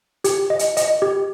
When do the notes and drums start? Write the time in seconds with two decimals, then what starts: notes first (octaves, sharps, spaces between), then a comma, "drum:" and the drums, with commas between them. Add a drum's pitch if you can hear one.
0.24 G4, drum: hi-hat
0.50 D#5
0.59 drum: hi-hat
0.77 D#5, drum: hi-hat
1.02 G4